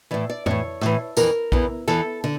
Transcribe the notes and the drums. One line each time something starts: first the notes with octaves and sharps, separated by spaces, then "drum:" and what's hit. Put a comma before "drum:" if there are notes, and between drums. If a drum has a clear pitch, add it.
A2 E3 D5
D5
A2 E3 C#5, drum: tom F2
A2 E3, drum: rim click
F2 E3 A#4, drum: tambourine
E2 E3, drum: kick A#1
E2 E3 A4, drum: rim click
D3